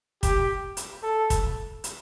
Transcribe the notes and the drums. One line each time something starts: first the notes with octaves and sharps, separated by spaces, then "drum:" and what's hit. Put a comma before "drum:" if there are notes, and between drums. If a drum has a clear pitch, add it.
G4, drum: kick, hi-hat
drum: hi-hat
A4
drum: kick, hi-hat
drum: hi-hat